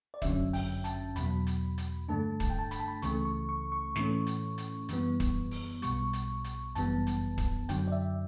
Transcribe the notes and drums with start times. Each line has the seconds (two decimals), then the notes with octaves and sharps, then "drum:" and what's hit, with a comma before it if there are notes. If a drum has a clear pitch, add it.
0.14 D5
0.22 G1 F#2 D3 F#3 C#4 E5, drum: kick, hi-hat
0.53 G5, drum: open hi-hat
0.84 A5, drum: hi-hat
1.16 E2 B2 F#3 B5, drum: hi-hat
1.47 drum: hi-hat
1.78 drum: hi-hat
2.08 G2 D3 A3 D4 A5
2.40 A5, drum: kick, hi-hat
2.50 G5
2.59 A5
2.71 B5, drum: hi-hat
2.79 A5
2.88 B5
3.02 C#2 C#3 E3 A3 C#6, drum: hi-hat
3.25 C#6
3.49 C#6
3.72 C#6
3.96 A2 E3 A3 C#4, drum: snare
4.27 drum: hi-hat
4.58 drum: hi-hat
4.89 F#2 E3 G3 B3, drum: hi-hat
5.20 drum: kick, hi-hat
5.51 drum: open hi-hat
5.82 B1 B2 G3 C#6, drum: hi-hat
6.13 drum: hi-hat
6.44 drum: hi-hat
6.75 G1 F#2 E3 G3 B3 A5, drum: hi-hat
7.07 drum: hi-hat
7.38 drum: kick, hi-hat
7.69 F#2 D3 F#3 G5, drum: hi-hat
7.87 D5
7.92 E5